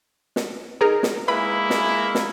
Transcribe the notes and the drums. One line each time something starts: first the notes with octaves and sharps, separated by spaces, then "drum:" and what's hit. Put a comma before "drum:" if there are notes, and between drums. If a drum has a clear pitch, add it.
drum: snare
D#4 G#4 A#4
drum: snare
G#3 A#3 E4 B4 B5
drum: snare
drum: snare